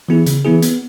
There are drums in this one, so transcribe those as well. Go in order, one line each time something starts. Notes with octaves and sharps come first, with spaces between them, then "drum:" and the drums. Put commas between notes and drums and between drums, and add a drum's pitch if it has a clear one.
E3 B3 E4 G#4
C#3, drum: hi-hat
E3 B3 E4 G#4
B3, drum: hi-hat